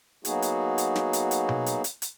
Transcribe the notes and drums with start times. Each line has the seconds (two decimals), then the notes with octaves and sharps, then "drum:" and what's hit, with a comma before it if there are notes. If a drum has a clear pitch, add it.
0.25 F#3 A#3 B3 D#4 F#4 G#4, drum: hi-hat
0.42 drum: hi-hat
0.78 drum: hi-hat
0.95 drum: snare
1.13 drum: hi-hat
1.31 drum: hi-hat
1.49 drum: tom B2
1.66 drum: hi-hat
1.84 drum: hi-hat
2.02 drum: hi-hat